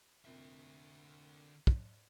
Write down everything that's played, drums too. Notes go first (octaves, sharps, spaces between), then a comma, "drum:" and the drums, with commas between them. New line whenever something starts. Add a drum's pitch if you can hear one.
C2 F2 A#2 D3 E5
drum: kick